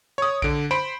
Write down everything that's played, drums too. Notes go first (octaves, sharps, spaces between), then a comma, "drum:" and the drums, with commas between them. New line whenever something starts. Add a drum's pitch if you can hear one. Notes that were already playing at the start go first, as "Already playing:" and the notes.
C#5 D#6
D3 D7, drum: kick A#1
C5 B5 D7